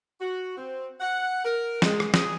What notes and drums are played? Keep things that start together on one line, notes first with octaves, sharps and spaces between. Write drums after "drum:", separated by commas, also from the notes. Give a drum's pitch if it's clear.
F#4
C4
F#5
A#4
G#3, drum: snare
drum: rim click
G#4, drum: snare